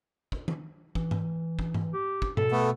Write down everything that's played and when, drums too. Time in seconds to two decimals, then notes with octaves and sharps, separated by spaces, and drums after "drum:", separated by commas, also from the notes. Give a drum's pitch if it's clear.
0.32 drum: kick
0.48 drum: tom D#3
0.95 E3, drum: kick
1.11 drum: tom G#2
1.59 drum: kick
1.74 drum: tom G#2
1.93 G4
2.22 drum: kick
2.37 B2 A4, drum: tom G#2
2.52 A3 B3